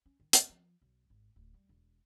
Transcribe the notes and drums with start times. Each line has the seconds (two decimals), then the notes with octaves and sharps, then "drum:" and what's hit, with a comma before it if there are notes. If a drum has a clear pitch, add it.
0.06 C#4
0.20 D#3
0.33 D#2, drum: hi-hat
0.49 F3
0.82 B1
1.10 G#1
1.36 D1
1.54 G3
1.69 E1